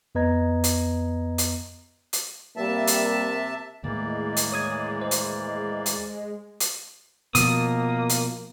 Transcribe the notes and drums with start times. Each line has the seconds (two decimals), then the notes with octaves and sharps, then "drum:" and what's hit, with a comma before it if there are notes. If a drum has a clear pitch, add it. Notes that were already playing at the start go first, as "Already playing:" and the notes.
0.15 F2 B3 B4 D#5 A#5 G#6
0.64 drum: hi-hat
1.38 drum: hi-hat
2.13 drum: hi-hat
2.57 C3 G3 A#3 E5 A5
2.87 drum: hi-hat
3.84 D#2 A2 E3 G#3 A#3 D5
4.37 drum: hi-hat
4.52 C#5 D#6 G#6
5.02 C5
5.11 drum: hi-hat
5.86 drum: hi-hat
6.60 drum: hi-hat
7.35 B2 F3 A#3 D#6, drum: hi-hat
8.09 drum: hi-hat